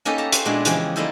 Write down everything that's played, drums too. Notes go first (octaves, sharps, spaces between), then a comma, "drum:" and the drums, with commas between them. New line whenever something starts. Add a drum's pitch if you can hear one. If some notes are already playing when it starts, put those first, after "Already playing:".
A#3 C#4 D#4 G4 A4 B4
E5 A5 A#5
C5 F5 F#5, drum: hi-hat
A#2 G#3 B3 D4 E4 F#4
C#3 E3 F3 G#3 F#4 G4, drum: hi-hat
G3 A#3 D#4 E4 A4 C5